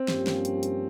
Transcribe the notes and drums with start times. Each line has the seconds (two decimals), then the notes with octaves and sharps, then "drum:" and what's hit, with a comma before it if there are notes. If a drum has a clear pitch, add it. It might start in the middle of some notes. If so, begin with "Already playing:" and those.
Already playing: C4
0.08 G2 F3 A#3 C#4 G4, drum: snare
0.27 drum: snare
0.45 drum: hi-hat
0.63 drum: hi-hat